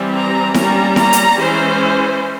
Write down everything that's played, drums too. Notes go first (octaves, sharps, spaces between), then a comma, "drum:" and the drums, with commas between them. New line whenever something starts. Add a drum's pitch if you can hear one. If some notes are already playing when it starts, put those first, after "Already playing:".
Already playing: E3 G3 C4
A#5
G3 A#3 C#4 A#5, drum: snare E4
A#5, drum: snare E4
drum: hi-hat
E3 G#3 C#4 C5